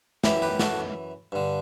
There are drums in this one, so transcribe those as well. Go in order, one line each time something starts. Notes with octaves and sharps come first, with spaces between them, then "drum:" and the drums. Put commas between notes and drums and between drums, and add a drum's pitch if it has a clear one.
F#2 E3 E4 G4, drum: snare
G4 B4
F#4 A4, drum: snare
G2 D3